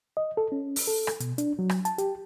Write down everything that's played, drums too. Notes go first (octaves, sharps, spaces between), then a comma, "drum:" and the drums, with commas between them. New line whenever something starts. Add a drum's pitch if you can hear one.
D#5
A4
C#4
drum: open hi-hat
A4
drum: rim click
B2, drum: hi-hat
D4, drum: hi-hat
F#3
drum: rim click
A5, drum: hi-hat
G4, drum: hi-hat